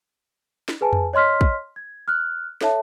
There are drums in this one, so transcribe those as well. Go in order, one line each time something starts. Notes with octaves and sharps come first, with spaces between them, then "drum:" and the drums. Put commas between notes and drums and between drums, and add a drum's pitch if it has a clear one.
drum: snare
G#4 B4 G#5 A5
drum: tom F2
C#5 D#5 C6 F6 B6
drum: kick
G#6
F6 F#6
A4 C#5 E5 A5, drum: snare